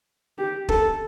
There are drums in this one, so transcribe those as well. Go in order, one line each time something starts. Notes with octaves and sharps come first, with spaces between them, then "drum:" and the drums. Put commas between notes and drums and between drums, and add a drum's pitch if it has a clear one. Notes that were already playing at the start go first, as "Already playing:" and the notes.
G4
A4, drum: kick